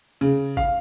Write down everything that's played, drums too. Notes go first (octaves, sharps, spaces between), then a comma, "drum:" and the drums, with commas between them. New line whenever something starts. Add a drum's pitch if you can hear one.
C#3
F5, drum: kick G#1